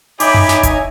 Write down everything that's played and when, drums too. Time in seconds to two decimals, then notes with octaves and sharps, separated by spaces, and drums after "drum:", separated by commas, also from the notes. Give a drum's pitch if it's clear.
0.20 D#4 G4 C#5 E5 G#5 B5 D6, drum: open hi-hat
0.34 drum: tom F#2
0.49 drum: snare
0.63 drum: kick F1, hi-hat